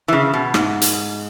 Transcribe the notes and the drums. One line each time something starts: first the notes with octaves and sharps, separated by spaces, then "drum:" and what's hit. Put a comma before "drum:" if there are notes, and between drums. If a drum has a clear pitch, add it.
E3
C#3
B2
G#2, drum: rim click
drum: hi-hat